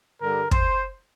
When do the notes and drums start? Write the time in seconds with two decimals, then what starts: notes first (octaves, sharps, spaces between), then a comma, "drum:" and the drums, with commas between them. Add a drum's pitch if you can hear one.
0.21 G2 D3 G3 A#4
0.51 C5, drum: kick